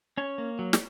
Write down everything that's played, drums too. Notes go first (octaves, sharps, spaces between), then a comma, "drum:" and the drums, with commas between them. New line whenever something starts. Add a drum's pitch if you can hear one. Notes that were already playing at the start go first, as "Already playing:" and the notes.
C#4 C#5
A#3
F#3
drum: snare